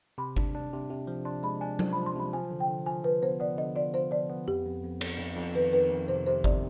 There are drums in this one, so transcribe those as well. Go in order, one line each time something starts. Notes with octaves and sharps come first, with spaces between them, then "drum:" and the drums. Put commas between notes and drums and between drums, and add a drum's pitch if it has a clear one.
C3 B5
D4, drum: kick G1
D4
C3
C3
F3
D4 C6
G#3 B5
D4 G#5
F3, drum: tom F#3
F3 B5
C6
C3 B5
F3 G#5
D3
G5
D3
F3 G#5
F3 B4
B3 C5
B3 D5
D3 D#5
F4 D5
F4 C5
F3 D5
B3
F2 G4
F2
F2
F2, drum: cymbal
F2
F2
D#3 B4
D#3 B4
F2
C3 C5
C3 C5
C3 D5, drum: kick G1